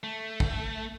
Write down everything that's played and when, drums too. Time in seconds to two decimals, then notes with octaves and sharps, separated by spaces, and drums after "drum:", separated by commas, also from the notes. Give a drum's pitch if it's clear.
0.03 A3
0.40 drum: kick